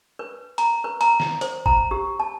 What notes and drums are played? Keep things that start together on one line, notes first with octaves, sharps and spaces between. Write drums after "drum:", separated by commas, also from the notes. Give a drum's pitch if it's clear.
B4
A#5, drum: hi-hat
B4
A#5, drum: hi-hat
drum: snare
C5, drum: hi-hat
A#5, drum: kick
G4
A5